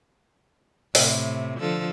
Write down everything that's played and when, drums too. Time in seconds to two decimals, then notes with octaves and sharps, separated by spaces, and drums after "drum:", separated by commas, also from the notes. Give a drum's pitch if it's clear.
0.95 A2 C3, drum: open hi-hat
1.60 D3 F3 A4